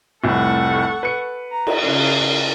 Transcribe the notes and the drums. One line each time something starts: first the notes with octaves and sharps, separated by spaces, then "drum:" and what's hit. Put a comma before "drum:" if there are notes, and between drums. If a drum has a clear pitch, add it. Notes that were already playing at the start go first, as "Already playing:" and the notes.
F1 C2 A2 A4 F#5 C#6
B4 C#7
A#5
drum: cymbal
C#3 F5